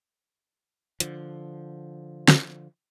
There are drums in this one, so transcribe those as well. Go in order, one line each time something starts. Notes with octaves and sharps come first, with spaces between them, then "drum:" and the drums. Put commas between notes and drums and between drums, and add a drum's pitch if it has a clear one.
D3 F3, drum: hi-hat
drum: snare